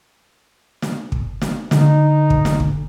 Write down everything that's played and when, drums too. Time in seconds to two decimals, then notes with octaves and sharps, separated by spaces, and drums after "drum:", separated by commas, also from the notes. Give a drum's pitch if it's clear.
0.82 drum: snare
1.12 drum: kick
1.42 drum: snare
1.71 D3 D#4, drum: snare
2.30 drum: kick
2.45 drum: snare
2.60 drum: kick